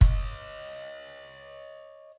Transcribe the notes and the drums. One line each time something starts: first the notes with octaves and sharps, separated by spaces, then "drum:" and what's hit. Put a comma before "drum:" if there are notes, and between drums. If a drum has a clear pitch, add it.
C#5 D#5, drum: kick